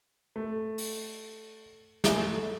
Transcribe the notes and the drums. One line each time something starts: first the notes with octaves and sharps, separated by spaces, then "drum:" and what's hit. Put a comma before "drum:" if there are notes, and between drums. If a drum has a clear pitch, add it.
A3
drum: open hi-hat
G#3, drum: snare
A3